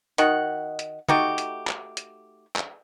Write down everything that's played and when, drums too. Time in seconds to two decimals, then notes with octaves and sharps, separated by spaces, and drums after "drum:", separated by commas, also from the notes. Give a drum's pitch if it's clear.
0.18 D#3 D#4 F#4 F#5, drum: hi-hat
0.79 drum: hi-hat
1.09 A3 D#4 F#4 G4, drum: tom
1.38 drum: hi-hat
1.68 drum: clap
1.97 drum: hi-hat
2.56 drum: clap